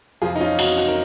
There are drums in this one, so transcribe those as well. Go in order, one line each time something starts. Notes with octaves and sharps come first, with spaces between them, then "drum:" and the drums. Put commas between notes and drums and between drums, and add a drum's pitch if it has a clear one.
F2 C3 F3 F4 G#4
D#4
C#4 F4
D#4 F#4, drum: cymbal
D#4 F#4
A#4